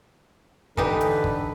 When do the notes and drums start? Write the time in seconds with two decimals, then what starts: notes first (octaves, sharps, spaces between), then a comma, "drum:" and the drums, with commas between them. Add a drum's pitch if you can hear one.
0.77 D3 E3 D#4 G4 A4 B4, drum: kick
1.01 drum: hi-hat
1.24 drum: kick